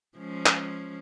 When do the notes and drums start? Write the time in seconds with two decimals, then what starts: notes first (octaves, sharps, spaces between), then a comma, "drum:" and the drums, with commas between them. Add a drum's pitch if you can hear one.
0.18 F3 G#3 C#4
0.46 drum: clap